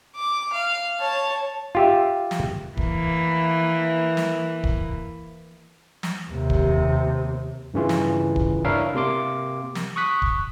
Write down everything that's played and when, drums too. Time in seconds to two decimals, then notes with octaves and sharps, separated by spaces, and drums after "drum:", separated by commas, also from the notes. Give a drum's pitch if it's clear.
0.16 D6
0.53 F5
1.00 C#5 A5
1.75 F4 G4 E5
2.31 drum: snare
2.77 E3 A#3, drum: kick
4.17 drum: snare
4.64 drum: kick
6.03 drum: snare
6.30 D#2 C3
6.50 drum: kick
7.74 G2 C#3 E3 F4
7.89 drum: snare
8.36 drum: kick
8.65 D4 E4 A#4 C#5 E5 F5
8.95 C3 A#3 C6 D6
9.75 drum: snare
9.96 C#6 D#6 F#6 B6
10.22 drum: kick